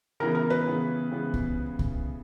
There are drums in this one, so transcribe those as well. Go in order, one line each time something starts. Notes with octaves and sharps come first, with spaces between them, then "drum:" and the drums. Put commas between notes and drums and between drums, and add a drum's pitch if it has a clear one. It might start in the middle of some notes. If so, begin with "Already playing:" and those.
C#3 E3 B3 A#4
A#4
B4
C#3 E3 B3
C#3 E3 B3
drum: kick C2
drum: kick C2